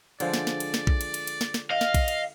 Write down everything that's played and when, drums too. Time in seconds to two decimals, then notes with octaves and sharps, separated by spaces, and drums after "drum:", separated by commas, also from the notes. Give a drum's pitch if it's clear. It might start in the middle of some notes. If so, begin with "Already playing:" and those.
0.20 D3 F3 G#3 D5, drum: cymbal
0.34 drum: snare
0.47 drum: snare
0.60 drum: cymbal
0.74 drum: snare
0.87 drum: kick A#1
1.01 drum: cymbal
1.14 drum: cymbal
1.27 drum: cymbal
1.41 drum: snare
1.54 drum: snare
1.71 D#5 F5
1.81 drum: snare
1.94 drum: kick A#1, cymbal
2.08 drum: cymbal